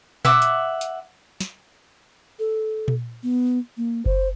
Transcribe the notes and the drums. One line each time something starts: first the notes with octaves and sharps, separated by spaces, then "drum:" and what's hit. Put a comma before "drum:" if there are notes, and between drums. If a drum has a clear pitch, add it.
E5 F#5 D6, drum: tom A#2
drum: hi-hat
drum: hi-hat
drum: snare
A4
drum: tom A#2
B3
A#3
C5, drum: kick F#1